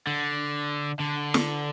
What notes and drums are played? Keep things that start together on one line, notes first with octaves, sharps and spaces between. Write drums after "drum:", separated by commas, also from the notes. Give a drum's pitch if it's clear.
D3
D3
drum: snare